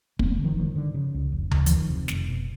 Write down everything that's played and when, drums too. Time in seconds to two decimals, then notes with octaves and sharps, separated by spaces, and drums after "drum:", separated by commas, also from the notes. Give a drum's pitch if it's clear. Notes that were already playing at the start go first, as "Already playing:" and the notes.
0.19 E1 A#3 C4, drum: kick
0.31 A3 B3
0.39 D3
0.44 D#3 F3
0.57 G1 D#3 F3
0.76 D3
0.94 C#3
1.14 C#2
1.32 F1
1.51 C#3, drum: tom D2
1.66 E3, drum: hi-hat
1.70 F1 D#3 F3
1.89 C3
2.08 F1, drum: snare
2.28 B2